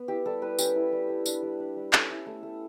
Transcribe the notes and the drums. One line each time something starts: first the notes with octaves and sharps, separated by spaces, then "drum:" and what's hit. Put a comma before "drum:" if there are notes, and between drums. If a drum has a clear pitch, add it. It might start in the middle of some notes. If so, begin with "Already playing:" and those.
Already playing: B3
E4 G4
G3 A4
G3 B4
C#4 G4, drum: tambourine
E4
G3
G3
D4, drum: tambourine
G3
D4
G3
C#4 A4, drum: clap
E4
A3
A3